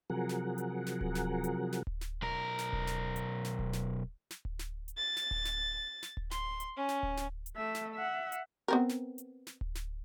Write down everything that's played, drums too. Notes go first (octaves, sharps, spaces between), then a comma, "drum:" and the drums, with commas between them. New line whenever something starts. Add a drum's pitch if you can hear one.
C3 F3 F#3 G#4 A#4 F#5
drum: snare
drum: hi-hat
drum: snare
drum: kick D1
drum: snare
drum: hi-hat
drum: snare
drum: kick D1
drum: snare
B1 A#4
drum: snare
drum: kick D1
drum: snare
drum: hi-hat
drum: snare
drum: kick D1
drum: snare
drum: snare
drum: kick D1
drum: snare
drum: hi-hat
A6
drum: snare
drum: kick D1
drum: snare
drum: snare
drum: kick D1
C6, drum: snare
drum: hi-hat
C#4
drum: snare
drum: kick D1
drum: snare
drum: hi-hat
A3 E5
drum: snare
E5 F#5
drum: hi-hat
B3 C4 A#4
drum: snare
drum: hi-hat
drum: snare
drum: kick D1
drum: snare